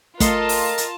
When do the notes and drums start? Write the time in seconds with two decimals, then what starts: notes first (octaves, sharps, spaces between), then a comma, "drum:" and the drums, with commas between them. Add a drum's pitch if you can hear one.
0.20 A3 F4 A4 A#4 D#5 A5 C6, drum: kick, hi-hat
0.49 drum: open hi-hat
0.78 drum: hi-hat